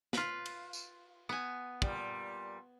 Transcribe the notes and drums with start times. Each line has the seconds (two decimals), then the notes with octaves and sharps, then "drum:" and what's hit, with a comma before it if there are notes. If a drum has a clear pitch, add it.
0.13 F4 B4, drum: snare
0.46 drum: cymbal
0.73 drum: tambourine
1.29 B3 G#5
1.82 A#2 G3, drum: kick